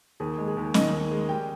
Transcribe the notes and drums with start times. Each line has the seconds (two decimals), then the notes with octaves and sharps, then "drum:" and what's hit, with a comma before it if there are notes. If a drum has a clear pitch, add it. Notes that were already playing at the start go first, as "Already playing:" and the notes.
0.20 D#2 G#4
0.38 G#3
0.47 G#4
0.57 D#2
0.74 D#3 D#5, drum: snare C#4
0.93 D#2
1.11 G#3
1.29 G3 G5